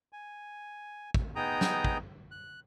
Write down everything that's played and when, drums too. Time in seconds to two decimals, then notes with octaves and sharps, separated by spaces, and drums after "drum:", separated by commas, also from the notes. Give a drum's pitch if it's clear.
0.13 G#5
1.14 drum: kick
1.35 B3 D#4 G#4 G5 A#5 D#6
1.61 drum: snare
1.84 drum: kick
2.31 F#6